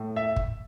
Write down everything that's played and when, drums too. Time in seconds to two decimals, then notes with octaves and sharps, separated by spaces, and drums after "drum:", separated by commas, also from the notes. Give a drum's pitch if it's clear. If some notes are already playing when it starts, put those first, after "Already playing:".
Already playing: A2
0.16 E5
0.36 drum: kick G1